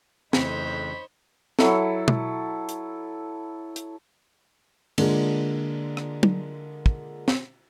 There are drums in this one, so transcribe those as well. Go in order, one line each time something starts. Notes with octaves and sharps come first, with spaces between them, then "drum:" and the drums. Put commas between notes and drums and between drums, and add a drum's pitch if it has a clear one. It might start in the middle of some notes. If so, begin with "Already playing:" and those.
F2 C#3 E3 A3 D#4 C5 C#5 B5, drum: snare
F#3 E4 A4, drum: snare
drum: tom
drum: hi-hat
drum: hi-hat
D3 G#3 A#3 D4 F4 G#4, drum: cymbal
drum: rim click
drum: tom F#3
drum: kick
drum: snare